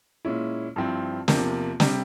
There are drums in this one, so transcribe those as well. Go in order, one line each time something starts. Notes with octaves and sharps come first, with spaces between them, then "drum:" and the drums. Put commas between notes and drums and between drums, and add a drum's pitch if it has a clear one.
A#2 G#3 C#4 E4
G2 F3 C4 E4
E2 C3 F3 A#3, drum: snare
C3 G3, drum: snare